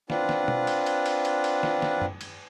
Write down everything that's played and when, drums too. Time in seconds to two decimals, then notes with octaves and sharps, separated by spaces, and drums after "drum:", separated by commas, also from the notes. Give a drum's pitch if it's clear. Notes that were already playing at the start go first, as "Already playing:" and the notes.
0.10 C4 D4 F4 B4 F#5, drum: snare
0.29 drum: snare
0.48 drum: tom B2
0.67 drum: cymbal
0.86 drum: cymbal
1.06 drum: cymbal
1.25 drum: cymbal
1.44 drum: cymbal
1.63 drum: snare
1.82 drum: snare
2.01 drum: tom
2.21 drum: cymbal